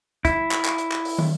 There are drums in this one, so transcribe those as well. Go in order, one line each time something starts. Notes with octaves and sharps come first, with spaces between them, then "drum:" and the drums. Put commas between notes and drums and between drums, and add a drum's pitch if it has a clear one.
E4, drum: kick, hi-hat
drum: clap
drum: clap
drum: hi-hat
drum: clap
drum: open hi-hat
drum: tom